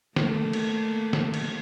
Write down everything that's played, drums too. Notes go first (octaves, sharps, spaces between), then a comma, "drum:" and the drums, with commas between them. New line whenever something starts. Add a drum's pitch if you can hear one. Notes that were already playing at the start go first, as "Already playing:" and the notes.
A3 A#3, drum: snare
drum: cymbal
drum: snare
drum: cymbal